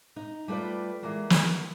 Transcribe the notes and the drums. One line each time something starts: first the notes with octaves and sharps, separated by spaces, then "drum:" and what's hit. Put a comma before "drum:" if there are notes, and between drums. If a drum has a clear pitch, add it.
D#4
G3 A3 F4 B4 D5
E3 G#3 A#3 B3
drum: snare